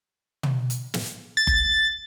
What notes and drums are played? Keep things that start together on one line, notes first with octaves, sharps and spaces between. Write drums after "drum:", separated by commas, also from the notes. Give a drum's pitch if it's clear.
drum: tom
drum: hi-hat
drum: snare
A6
drum: kick F#1